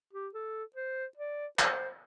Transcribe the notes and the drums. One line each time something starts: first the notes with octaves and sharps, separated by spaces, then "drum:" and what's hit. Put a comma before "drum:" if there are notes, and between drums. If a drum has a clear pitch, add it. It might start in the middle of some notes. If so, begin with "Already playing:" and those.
G4
A4
C5
D5
C5, drum: clap